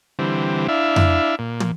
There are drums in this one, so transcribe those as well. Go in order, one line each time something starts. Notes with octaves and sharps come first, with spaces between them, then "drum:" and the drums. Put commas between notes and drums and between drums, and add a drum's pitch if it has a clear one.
D3 E3 G3 C4
D4 E4 E5 F5
drum: tom F2
A#2
drum: tom